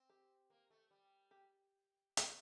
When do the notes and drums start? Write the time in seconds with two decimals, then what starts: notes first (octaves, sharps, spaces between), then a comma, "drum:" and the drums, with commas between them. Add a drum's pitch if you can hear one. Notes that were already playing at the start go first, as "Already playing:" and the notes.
Already playing: C4
0.10 G4
0.50 A#3
0.70 A3
0.91 G3
1.31 G4
2.17 drum: hi-hat